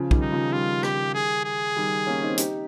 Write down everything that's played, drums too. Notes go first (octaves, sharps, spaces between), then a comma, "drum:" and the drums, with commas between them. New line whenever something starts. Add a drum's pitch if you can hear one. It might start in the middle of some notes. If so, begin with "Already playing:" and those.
Already playing: C#3 F3
D#3 G3, drum: kick
D#4
C#3 F3
D#3 G3 F4
G4, drum: rim click
G#4
G#4
D#3 G3
A#3 C#4
C4 D#4
D#4 G4, drum: hi-hat